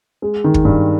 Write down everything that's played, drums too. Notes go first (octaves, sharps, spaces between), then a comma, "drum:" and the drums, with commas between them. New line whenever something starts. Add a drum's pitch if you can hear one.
G#3
D#3
drum: kick
G2